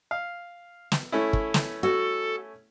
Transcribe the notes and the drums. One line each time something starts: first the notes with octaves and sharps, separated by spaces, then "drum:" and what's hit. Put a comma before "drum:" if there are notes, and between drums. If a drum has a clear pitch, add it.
F5
drum: snare
A3 C#4 E4
drum: kick
drum: snare
F#4 A4